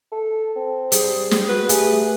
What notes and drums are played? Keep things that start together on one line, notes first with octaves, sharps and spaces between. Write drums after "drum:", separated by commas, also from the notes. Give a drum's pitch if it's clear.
A4
C4
G3 G#4, drum: hi-hat
drum: snare
F#4 B4
A3 G4 G#4, drum: hi-hat